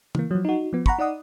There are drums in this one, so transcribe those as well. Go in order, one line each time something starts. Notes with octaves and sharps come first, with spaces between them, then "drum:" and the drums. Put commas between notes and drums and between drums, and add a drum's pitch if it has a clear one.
E3 A#3, drum: tom
F3 F#3
D#4 F#4
F3 B3
F#5 A#5 B5 C#6, drum: kick
D#4 D5 F#5 D#6